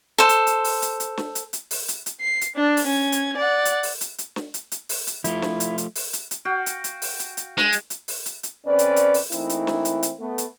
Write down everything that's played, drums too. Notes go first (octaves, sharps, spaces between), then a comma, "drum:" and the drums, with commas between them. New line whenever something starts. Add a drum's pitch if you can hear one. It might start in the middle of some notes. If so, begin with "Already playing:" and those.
A4 C5
drum: hi-hat
drum: hi-hat
drum: open hi-hat
drum: hi-hat
drum: hi-hat
drum: snare
drum: hi-hat
drum: hi-hat
drum: open hi-hat
drum: hi-hat
drum: hi-hat
C7
drum: hi-hat
D4
drum: open hi-hat
C#4 G#6
drum: hi-hat
D5 F#5
drum: hi-hat
drum: open hi-hat
drum: hi-hat
drum: hi-hat
drum: snare
drum: hi-hat
drum: hi-hat
drum: open hi-hat
drum: hi-hat
F3 A3 E4 F4, drum: hi-hat
drum: snare
drum: hi-hat
drum: hi-hat
drum: open hi-hat
drum: hi-hat
drum: hi-hat
F#4 F5 G5
drum: hi-hat
drum: hi-hat
drum: open hi-hat
drum: hi-hat
drum: hi-hat
G#3, drum: snare
drum: hi-hat
drum: hi-hat
drum: open hi-hat
drum: hi-hat
drum: hi-hat
F2 C4 C#4 B4 D5
drum: hi-hat
drum: hi-hat
drum: open hi-hat
E3 A3 A#3 C4 D#4 E4, drum: hi-hat
drum: hi-hat
drum: snare
drum: hi-hat
drum: hi-hat
A3 B3
drum: hi-hat